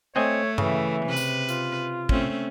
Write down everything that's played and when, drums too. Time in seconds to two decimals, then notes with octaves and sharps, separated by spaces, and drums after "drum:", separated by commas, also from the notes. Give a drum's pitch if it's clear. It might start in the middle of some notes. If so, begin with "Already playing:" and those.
0.16 A3 C4 C#5 D#5 G#5
0.58 C#3 E3, drum: tom G2
1.06 C3 B4
1.17 drum: tambourine
1.49 F4, drum: hi-hat
2.09 A3 C4 C#4, drum: kick